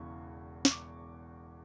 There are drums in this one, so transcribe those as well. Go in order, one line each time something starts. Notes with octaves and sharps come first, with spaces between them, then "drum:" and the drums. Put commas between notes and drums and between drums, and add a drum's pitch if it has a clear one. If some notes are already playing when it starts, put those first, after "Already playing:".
Already playing: E1 E2 C#3 E3 C#6
C#6, drum: snare
D6